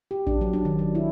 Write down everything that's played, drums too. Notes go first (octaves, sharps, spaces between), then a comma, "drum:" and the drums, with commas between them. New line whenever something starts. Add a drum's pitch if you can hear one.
G4
D4, drum: kick A1
F#3
D4
D#3
F#3
E4